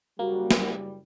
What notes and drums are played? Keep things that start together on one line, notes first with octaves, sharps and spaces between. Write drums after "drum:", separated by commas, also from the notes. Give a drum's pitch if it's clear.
F#1 G3 A#3 F#4
drum: snare